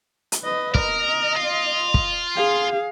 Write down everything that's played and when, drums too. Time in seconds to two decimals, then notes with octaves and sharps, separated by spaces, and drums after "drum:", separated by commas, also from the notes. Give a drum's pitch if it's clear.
0.32 drum: hi-hat
0.42 B4 D#5
0.75 A#4 D#5, drum: kick
1.36 F4
1.94 drum: kick
2.35 G#4 F5